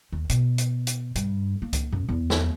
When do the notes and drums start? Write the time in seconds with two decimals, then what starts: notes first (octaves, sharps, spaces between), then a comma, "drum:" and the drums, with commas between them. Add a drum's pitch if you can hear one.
0.12 D#2
0.30 B2, drum: hi-hat
0.58 drum: hi-hat
0.87 drum: hi-hat
1.15 G2, drum: hi-hat
1.62 A#3
1.73 drum: kick C#2, hi-hat
1.92 F#2
2.09 E2
2.30 drum: snare